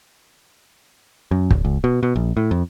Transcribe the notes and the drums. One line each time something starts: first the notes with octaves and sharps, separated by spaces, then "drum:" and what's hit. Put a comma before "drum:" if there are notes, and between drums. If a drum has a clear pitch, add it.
F#2
D1, drum: kick
C#2
B2
B2
A#1
A2
F2